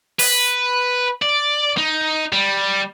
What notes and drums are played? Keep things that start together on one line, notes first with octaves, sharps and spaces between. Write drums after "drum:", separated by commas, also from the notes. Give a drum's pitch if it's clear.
B4, drum: open hi-hat
D5
D#4
G3